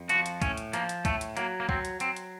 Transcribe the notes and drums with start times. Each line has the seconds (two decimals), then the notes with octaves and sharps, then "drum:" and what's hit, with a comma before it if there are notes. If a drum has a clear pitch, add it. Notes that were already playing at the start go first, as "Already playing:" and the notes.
Already playing: F2
0.09 F3 F#4, drum: hi-hat
0.26 drum: hi-hat
0.42 A2 C#4, drum: kick, hi-hat
0.57 drum: hi-hat
0.73 F3 A#3, drum: hi-hat
0.89 drum: hi-hat
1.05 A2 A3, drum: kick, hi-hat
1.21 drum: hi-hat
1.37 F#3 A#3, drum: hi-hat
1.60 A#3
1.69 F#3 C4, drum: kick
1.85 drum: hi-hat
2.00 F#3 C4, drum: hi-hat
2.16 drum: hi-hat